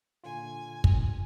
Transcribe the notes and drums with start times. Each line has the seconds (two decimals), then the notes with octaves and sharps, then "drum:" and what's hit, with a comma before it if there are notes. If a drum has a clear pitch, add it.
0.24 A#2 D3 F4 G#5
0.84 drum: kick